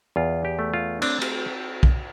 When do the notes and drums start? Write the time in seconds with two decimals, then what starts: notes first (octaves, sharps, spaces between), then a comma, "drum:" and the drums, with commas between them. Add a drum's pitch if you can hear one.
0.16 E2 F4
0.45 G4
0.59 A3
0.74 F4
1.02 C4 D4, drum: cymbal
1.22 drum: cymbal
1.83 drum: kick B1